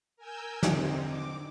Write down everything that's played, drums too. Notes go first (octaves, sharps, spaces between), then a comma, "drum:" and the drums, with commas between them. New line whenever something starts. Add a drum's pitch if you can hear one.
A#4 G#5 E6 G6
D3 C4 D#4, drum: snare
D6